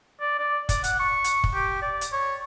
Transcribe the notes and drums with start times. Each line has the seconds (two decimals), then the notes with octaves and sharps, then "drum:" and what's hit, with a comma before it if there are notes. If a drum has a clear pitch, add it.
0.21 D5
0.39 D5
0.69 D5, drum: kick, hi-hat
0.84 F#5, drum: hi-hat
1.00 C#6
1.24 drum: hi-hat
1.44 drum: kick
1.54 G4
1.82 D5
2.01 drum: hi-hat
2.12 C#5